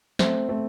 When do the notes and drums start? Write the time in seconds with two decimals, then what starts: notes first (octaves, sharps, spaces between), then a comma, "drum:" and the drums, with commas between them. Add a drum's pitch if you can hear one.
0.19 A3 C4, drum: snare
0.49 A3 C4